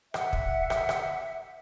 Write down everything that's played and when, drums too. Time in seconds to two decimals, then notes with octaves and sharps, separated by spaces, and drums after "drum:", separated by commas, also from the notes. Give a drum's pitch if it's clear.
0.14 E5 F#5, drum: rim click
0.33 drum: kick
0.70 drum: rim click
0.89 drum: rim click